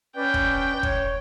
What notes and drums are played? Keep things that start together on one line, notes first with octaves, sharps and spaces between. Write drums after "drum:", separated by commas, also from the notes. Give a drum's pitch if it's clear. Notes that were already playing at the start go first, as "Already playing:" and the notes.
C#4 B4 D5 G5
drum: kick
C#5, drum: kick